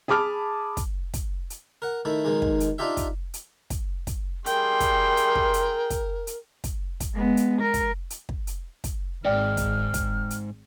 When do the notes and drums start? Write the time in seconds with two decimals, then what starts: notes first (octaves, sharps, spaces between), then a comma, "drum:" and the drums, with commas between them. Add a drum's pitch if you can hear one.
0.08 G#4 A5 B5 D6 F6
0.77 drum: kick, hi-hat
1.14 drum: kick, hi-hat
1.50 drum: hi-hat
1.82 A#4 F#5
2.05 D#3 A3 E4
2.25 B1 B2 D#3 G#3
2.42 drum: kick
2.60 drum: hi-hat
2.78 D4 D#4 F4 G4 E5
2.97 drum: kick, hi-hat
3.34 drum: hi-hat
3.70 drum: kick, hi-hat
4.07 drum: kick, hi-hat
4.46 G3 E4 G#4 A#4 G5 C6, drum: hi-hat
4.80 drum: kick, hi-hat
5.17 drum: hi-hat
5.35 drum: kick
5.54 drum: hi-hat
5.90 drum: kick, hi-hat
6.27 drum: hi-hat
6.64 drum: kick, hi-hat
7.00 drum: kick, hi-hat
7.14 G#3 B3
7.37 drum: hi-hat
7.62 A#4
7.74 drum: kick, hi-hat
8.10 drum: hi-hat
8.29 drum: kick
8.47 drum: hi-hat
8.84 drum: kick, hi-hat
9.25 G#1 G#2 D5 G5 F6
9.57 drum: kick, hi-hat
9.94 drum: kick, hi-hat
10.30 drum: hi-hat